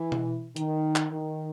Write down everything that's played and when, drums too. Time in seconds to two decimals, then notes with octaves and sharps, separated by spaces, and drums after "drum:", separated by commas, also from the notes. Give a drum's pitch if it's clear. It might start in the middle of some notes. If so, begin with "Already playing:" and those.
Already playing: E3
0.12 drum: tom B2
0.56 D#3, drum: hi-hat
0.96 drum: clap
1.12 D#3